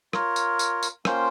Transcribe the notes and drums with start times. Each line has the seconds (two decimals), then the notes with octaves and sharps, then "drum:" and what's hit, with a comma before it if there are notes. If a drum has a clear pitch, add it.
0.13 F4 A#4 C#5, drum: rim click
0.36 drum: tambourine
0.59 drum: tambourine
0.83 drum: tambourine
1.05 A#3 C#4 F4 C5 G5, drum: rim click